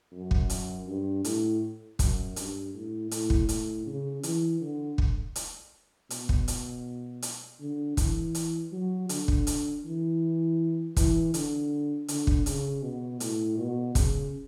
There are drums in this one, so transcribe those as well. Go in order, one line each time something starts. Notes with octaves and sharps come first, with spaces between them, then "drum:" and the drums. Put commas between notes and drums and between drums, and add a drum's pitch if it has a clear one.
F#2
drum: kick
drum: hi-hat
G2
A2, drum: hi-hat
F#2, drum: kick, hi-hat
G2, drum: hi-hat
A2
A2, drum: hi-hat
drum: kick
A2, drum: hi-hat
C#3
E3, drum: hi-hat
D3
drum: kick
drum: hi-hat
B2, drum: hi-hat
drum: kick
drum: hi-hat
drum: hi-hat
D3
E3, drum: kick, hi-hat
drum: hi-hat
F#3
D3, drum: hi-hat
drum: kick
drum: hi-hat
E3
E3, drum: kick, hi-hat
D3, drum: hi-hat
D3, drum: hi-hat
drum: kick
C#3, drum: hi-hat
B2
A2, drum: hi-hat
B2
C#3, drum: kick, hi-hat